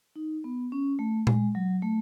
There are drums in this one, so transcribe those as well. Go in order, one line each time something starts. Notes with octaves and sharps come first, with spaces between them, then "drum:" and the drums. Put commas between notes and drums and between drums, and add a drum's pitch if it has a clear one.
D#4
B3
C#4
A3
G#3, drum: tom A#2
F#3
A3